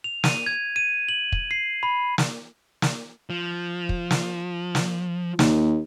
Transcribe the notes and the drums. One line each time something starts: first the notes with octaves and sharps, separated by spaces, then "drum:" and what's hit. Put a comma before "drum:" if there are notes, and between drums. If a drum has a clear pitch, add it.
F7
D#7, drum: snare
G#6
D#7
F#7
drum: kick
C7
B5
drum: snare
drum: snare
F3
drum: kick
drum: snare
drum: snare
D#2, drum: snare